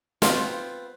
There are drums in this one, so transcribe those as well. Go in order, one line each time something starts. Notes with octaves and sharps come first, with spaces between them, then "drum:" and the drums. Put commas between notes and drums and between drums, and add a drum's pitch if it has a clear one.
B3 C4 F4, drum: snare